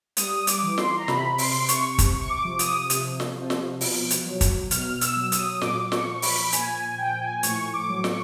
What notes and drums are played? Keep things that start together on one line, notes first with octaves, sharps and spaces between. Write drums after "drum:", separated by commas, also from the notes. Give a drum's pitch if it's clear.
G3 D#6, drum: hi-hat
D6, drum: hi-hat
E3
C6, drum: snare
A#5
C3 B5, drum: snare
C6, drum: open hi-hat
C3
C#6, drum: hi-hat
C3, drum: kick, hi-hat
C#6
D6
F3
D#6, drum: hi-hat
C3, drum: hi-hat
drum: snare
F3
drum: snare
B2, drum: open hi-hat
drum: hi-hat
F#3
drum: kick, hi-hat
B2 F6, drum: hi-hat
E6, drum: hi-hat
F#3
D#6, drum: hi-hat
A#2 D6, drum: snare
C#6, drum: snare
F3
B5, drum: open hi-hat
A#2 G#5, drum: hi-hat
G#5
F3 G5
G#5
A2 C#6, drum: hi-hat
D6
F#3
C#6, drum: snare